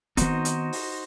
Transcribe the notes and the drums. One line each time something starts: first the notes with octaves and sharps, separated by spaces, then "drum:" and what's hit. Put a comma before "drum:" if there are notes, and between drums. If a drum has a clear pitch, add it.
D#3 B3 C4 D#4 F#4 C5, drum: kick E1, hi-hat
drum: hi-hat
drum: open hi-hat